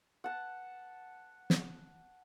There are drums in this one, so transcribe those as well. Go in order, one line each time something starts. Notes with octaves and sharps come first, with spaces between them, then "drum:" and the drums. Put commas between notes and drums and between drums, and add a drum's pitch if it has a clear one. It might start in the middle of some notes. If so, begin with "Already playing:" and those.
F#5 A5
drum: snare